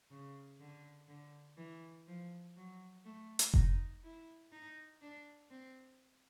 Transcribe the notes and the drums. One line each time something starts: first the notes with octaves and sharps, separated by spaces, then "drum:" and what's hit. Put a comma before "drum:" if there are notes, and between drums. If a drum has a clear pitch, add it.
C#3
D3
D3
E3
F3
F#3
A3
drum: hi-hat
D#4, drum: kick F1
E4
D#4
D4
C4